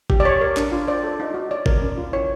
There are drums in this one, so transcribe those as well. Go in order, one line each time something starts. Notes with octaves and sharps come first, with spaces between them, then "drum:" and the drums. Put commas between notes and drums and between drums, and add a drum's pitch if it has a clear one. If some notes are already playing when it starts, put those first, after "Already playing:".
G4, drum: kick G#1
D5
C#5
A#4
D4, drum: clap
F4
C5 D5
A4
D#4
F#4
C#5 D5
A#4, drum: kick G#1
C#4
F4
E4 C#5